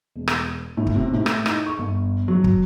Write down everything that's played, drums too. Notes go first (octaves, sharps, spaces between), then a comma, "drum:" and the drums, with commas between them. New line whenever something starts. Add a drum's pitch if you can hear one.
E1
drum: rim click
A2
drum: kick
C3
A2
drum: rim click
D#4, drum: rim click
C#6
G1
F#3
drum: kick